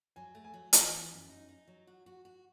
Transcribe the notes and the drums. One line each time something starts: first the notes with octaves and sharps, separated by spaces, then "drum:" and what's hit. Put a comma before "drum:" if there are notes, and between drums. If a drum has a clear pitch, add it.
F#3 G#5
A3
G#5
F#3
E3 G#5, drum: hi-hat
B3
F#2
D#4
D#4
F#3
F#4
F#4
F#4